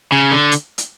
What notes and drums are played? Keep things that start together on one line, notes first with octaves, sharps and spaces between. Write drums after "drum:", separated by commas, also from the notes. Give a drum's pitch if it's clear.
C#3
D3
drum: hi-hat
drum: hi-hat